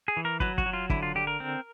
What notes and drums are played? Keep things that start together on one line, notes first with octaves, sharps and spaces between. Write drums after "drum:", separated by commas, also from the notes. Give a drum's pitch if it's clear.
G#4
E3
A#4
F#3 B4, drum: kick
F#4, drum: kick
F#3
F4
D3 E4, drum: kick
F4
D3 G4
A#4
C4